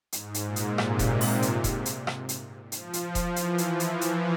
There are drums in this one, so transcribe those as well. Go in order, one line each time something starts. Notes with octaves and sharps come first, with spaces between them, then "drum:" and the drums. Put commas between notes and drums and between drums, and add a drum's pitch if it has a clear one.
G#2, drum: hi-hat
drum: hi-hat
A#2
drum: hi-hat
C3, drum: rim click
drum: kick E1, hi-hat
drum: open hi-hat
drum: hi-hat
drum: kick E1, hi-hat
drum: hi-hat
drum: rim click
drum: hi-hat
F3, drum: hi-hat
drum: hi-hat
drum: kick E1, hi-hat
E3, drum: hi-hat
drum: hi-hat
E3
drum: hi-hat
drum: hi-hat